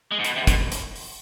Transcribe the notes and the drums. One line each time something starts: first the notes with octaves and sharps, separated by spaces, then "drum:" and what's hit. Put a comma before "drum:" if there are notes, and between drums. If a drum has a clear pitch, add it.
G#3
G#2
B2, drum: hi-hat
C3
B2, drum: kick, hi-hat
drum: hi-hat
drum: open hi-hat